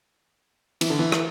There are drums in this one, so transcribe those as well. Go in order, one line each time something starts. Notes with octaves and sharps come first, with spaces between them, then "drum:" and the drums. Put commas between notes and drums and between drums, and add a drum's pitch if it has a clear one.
E3, drum: cymbal
D3
E3
drum: rim click